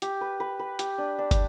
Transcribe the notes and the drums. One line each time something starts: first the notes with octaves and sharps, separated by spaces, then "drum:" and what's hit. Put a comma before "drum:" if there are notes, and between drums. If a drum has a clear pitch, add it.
G4, drum: hi-hat
B4
B4
B4
G4, drum: hi-hat
D4
D4
drum: kick, hi-hat